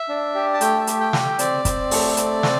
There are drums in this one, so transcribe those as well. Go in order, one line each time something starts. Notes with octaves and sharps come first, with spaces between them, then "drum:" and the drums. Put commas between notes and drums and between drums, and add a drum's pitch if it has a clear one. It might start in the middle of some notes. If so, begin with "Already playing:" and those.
Already playing: E5
D4
G4
A5
A3 G5, drum: hi-hat
E5
G4, drum: hi-hat
G5
G4, drum: snare
G5
C4 D5, drum: hi-hat
C4, drum: kick, hi-hat
A3, drum: open hi-hat
C4, drum: hi-hat
C4, drum: snare